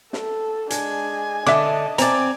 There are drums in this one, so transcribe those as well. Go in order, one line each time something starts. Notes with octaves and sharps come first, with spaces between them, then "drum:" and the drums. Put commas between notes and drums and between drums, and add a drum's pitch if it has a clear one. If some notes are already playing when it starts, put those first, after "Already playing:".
A4, drum: snare
G#3 D4 G#5, drum: hi-hat
D3 D#5 E5 A5 D6, drum: snare
C4 D5 G#5 A#5, drum: hi-hat